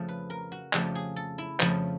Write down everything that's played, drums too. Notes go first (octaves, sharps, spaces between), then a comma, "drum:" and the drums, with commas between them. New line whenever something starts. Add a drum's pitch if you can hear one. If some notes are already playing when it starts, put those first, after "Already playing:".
Already playing: F2 C#3 F3 A3
B4
A#4
F#4
F2 C#3 F3 A3 G4, drum: clap
G#4
A4
E4
F2 C#3 F3 A3, drum: clap